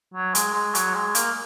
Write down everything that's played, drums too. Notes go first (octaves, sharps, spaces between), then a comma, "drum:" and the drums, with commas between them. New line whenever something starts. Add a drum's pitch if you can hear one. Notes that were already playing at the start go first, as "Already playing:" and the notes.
F#3
G#3, drum: hi-hat
G#3
F#3, drum: hi-hat
G#3
A#3, drum: hi-hat